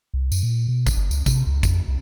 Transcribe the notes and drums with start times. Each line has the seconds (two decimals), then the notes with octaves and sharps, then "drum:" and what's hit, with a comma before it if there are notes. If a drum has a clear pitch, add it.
0.14 C2
0.32 F#2, drum: tambourine
0.43 A#2
0.68 B2
0.86 drum: kick A1, tambourine
0.97 G1
1.11 C#2, drum: tambourine
1.26 C3, drum: kick A1, tambourine
1.47 C#2
1.63 F2, drum: kick A1, tambourine
1.88 C2